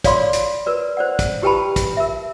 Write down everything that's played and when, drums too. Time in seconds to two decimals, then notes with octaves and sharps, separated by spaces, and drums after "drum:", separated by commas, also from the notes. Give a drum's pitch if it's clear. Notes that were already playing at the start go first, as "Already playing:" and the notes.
0.04 C#5 D5 F5 B5 C6 D6, drum: kick, hi-hat
0.33 drum: hi-hat
0.66 A#4 B4 D5
0.97 C5 D5 F#5
1.19 drum: kick, hi-hat
1.42 E4 G4 B4 G5 A5 B5
1.76 drum: kick, hi-hat
1.97 A#4 E5